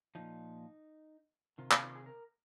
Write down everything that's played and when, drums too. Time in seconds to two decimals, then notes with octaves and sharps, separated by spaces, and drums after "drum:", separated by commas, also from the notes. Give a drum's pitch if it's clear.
0.15 A#2 F3 D#4
1.58 C3 D#3 F4
1.71 drum: clap
1.83 F4
1.95 G#4
2.06 A#4